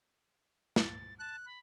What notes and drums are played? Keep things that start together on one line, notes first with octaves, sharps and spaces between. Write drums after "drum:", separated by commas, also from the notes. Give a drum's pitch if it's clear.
A6, drum: snare
A5 F#6
B5